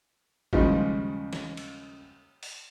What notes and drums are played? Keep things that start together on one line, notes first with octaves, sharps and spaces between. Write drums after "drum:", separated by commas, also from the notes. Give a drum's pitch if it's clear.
D#2 G#2 C#3 F3 G3, drum: kick G#1
drum: snare
drum: cymbal
drum: open hi-hat